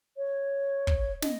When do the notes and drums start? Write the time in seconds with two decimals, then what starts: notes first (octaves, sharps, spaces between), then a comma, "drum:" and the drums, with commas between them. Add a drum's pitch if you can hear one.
0.17 C#5
0.87 drum: kick
1.22 D#5, drum: snare